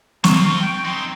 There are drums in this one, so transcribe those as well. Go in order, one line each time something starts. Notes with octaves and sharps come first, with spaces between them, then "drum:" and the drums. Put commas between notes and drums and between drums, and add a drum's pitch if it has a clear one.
C4 F4 C#6, drum: snare
G5
C4 D#4 C6